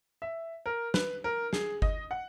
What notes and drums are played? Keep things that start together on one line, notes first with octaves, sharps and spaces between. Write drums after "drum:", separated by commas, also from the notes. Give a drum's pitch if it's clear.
E5
A#4
B4, drum: snare
A#4
G#4, drum: snare
D#5, drum: kick G1
F#5